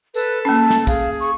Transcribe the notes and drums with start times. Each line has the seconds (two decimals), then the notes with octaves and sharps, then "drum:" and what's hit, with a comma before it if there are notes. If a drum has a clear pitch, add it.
0.15 A4 B4, drum: tambourine
0.45 A#3 C#4 A5
0.70 drum: snare
0.87 G#4 F5, drum: kick, tambourine
1.20 C#6